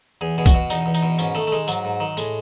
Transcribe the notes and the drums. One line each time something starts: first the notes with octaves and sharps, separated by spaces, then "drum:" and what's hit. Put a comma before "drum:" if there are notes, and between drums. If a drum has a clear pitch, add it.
E2 G#4
B2 G#4
F#4, drum: kick, tambourine
B2
E2 D#4, drum: tambourine
E2
D#4, drum: tambourine
B2
G#2 C#4, drum: tambourine
D#3 A3
A3
D#3 G#3
G#2 F#3, drum: tambourine
G#2
D#3
A2 G#3, drum: tambourine